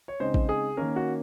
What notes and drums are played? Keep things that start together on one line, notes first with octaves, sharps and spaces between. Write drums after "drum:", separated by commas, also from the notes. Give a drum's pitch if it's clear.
C#5
C#3 G#3 C4 D#4 C5
drum: kick A1
G#4
D#3 A#3 C#4 A#4
F#4